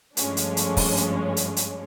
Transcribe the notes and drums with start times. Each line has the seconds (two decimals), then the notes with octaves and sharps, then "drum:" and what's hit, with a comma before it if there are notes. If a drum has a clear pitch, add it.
0.17 G2 F3 G#3 A3 C#4 D4, drum: hi-hat
0.37 drum: hi-hat
0.57 drum: hi-hat
0.77 drum: kick, open hi-hat
0.97 drum: hi-hat
1.37 drum: hi-hat
1.57 drum: hi-hat